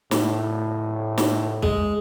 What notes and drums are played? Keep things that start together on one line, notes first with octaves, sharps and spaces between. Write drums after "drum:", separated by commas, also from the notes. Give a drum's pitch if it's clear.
A2, drum: snare
drum: snare
G#3, drum: kick